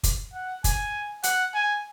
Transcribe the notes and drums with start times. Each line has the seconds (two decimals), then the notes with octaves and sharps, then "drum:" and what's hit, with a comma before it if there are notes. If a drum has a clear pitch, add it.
0.03 drum: kick, hi-hat
0.34 F#5
0.64 G#5, drum: kick, hi-hat
1.23 F#5, drum: hi-hat
1.54 G#5